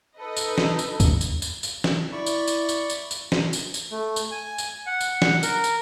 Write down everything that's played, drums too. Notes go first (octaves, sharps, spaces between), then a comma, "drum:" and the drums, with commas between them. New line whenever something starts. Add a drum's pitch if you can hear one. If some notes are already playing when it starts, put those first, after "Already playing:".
D#4 A4 B4 D#5
drum: tambourine
drum: snare
drum: tambourine
drum: kick C#2, tambourine
drum: tambourine
drum: tambourine
drum: tambourine
drum: snare
E4 D5 B5 C#6
drum: tambourine
drum: tambourine
drum: tambourine
drum: tambourine
drum: tambourine
drum: snare
drum: tambourine
drum: tambourine
A3
drum: tambourine
G#5
drum: tambourine
F#5
drum: tambourine
drum: snare
A#4, drum: tambourine
drum: tambourine